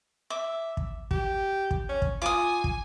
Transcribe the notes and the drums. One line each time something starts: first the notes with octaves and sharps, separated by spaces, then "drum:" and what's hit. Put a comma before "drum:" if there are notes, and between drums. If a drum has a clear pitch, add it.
E5 D6
drum: kick
G4, drum: kick
drum: kick
C#4
drum: kick
F4 G#5 D6 D#6
drum: kick